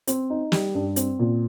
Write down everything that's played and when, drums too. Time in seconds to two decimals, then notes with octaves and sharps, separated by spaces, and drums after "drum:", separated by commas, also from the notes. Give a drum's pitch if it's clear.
0.07 C4, drum: hi-hat
0.30 D#4
0.52 G3, drum: snare
0.75 G2
0.96 C4, drum: hi-hat
1.19 A#2